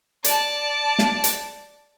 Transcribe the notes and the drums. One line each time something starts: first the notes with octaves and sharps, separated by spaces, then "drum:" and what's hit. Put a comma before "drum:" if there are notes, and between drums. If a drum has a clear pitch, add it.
D5 A5, drum: hi-hat
drum: snare
drum: hi-hat